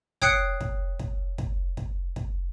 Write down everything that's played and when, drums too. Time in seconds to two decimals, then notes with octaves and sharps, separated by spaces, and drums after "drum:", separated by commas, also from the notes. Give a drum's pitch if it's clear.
0.22 C#5 G5 D#6 F#6 C7 C#7, drum: kick
0.60 drum: kick
0.99 drum: kick
1.38 drum: kick
1.77 drum: kick
2.16 drum: kick